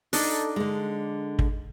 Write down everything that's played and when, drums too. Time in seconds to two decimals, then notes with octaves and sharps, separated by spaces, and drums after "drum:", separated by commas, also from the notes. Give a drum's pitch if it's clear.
0.13 D4 D#4 A4 G5, drum: open hi-hat
0.56 D3 G#3
1.39 drum: kick